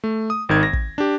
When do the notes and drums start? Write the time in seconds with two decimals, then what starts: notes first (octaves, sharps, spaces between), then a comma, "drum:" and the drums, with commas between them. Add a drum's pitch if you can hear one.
0.04 A3
0.30 D#6
0.49 G#1 D#3 G#6
0.63 A#6
0.73 drum: kick
0.98 D4 G4